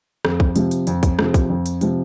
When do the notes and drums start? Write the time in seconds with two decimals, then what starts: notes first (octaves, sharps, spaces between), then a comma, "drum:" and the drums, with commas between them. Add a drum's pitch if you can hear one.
0.25 F2, drum: rim click
0.40 drum: kick
0.56 C3 F3, drum: hi-hat
0.71 drum: hi-hat
0.87 F2, drum: hi-hat
1.03 drum: kick, hi-hat
1.19 C3 F3, drum: rim click
1.34 drum: kick, hi-hat
1.50 F2
1.66 drum: hi-hat
1.81 C3 F3, drum: hi-hat